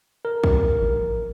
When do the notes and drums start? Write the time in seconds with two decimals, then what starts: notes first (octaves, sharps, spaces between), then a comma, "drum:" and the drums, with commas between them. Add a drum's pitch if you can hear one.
0.25 A#4
0.44 drum: kick
0.82 A#1